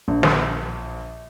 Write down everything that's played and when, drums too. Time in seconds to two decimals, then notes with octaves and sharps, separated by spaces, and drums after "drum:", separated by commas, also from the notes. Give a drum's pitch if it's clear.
0.08 A#1
0.23 drum: snare